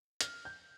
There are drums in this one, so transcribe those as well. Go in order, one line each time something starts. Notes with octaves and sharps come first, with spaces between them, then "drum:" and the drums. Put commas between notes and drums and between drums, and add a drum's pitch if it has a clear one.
F6, drum: hi-hat
G6